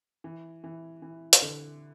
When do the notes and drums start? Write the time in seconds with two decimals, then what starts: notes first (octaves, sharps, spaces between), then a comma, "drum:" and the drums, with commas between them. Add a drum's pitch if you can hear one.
0.24 E3
0.64 E3
1.02 E3
1.33 drum: hi-hat
1.42 D3